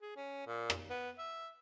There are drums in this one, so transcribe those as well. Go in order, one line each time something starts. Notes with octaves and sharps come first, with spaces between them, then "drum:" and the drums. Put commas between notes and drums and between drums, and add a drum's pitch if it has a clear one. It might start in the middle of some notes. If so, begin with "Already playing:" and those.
G#4
C#4
A#2
drum: rim click
B3
E5